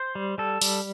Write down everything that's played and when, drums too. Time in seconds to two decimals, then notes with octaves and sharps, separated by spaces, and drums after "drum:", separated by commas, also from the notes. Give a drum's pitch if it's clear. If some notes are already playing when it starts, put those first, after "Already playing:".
Already playing: C5
0.15 G3
0.38 G3 A4
0.62 G3, drum: open hi-hat